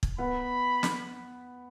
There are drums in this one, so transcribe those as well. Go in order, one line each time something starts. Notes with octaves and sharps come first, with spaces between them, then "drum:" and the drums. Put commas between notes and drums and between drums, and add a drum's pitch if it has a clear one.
drum: kick
B3 B5
drum: snare